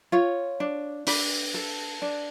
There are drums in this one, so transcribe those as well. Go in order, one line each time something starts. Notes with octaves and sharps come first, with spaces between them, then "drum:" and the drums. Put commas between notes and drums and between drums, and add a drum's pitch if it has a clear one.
F4 C#5
D4
D4 B4, drum: open hi-hat
A4
D4